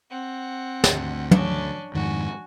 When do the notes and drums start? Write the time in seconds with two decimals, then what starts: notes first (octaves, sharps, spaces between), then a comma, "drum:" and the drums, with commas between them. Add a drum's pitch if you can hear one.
0.10 C4 F#5
0.84 D2, drum: snare
1.31 C#4 D4, drum: tom
1.95 F2 G#2 D#3 F#4 G#5